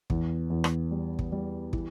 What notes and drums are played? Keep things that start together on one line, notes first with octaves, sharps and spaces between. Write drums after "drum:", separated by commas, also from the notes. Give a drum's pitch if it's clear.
E2, drum: kick
E2
drum: rim click
G3
drum: kick
G3
E3, drum: kick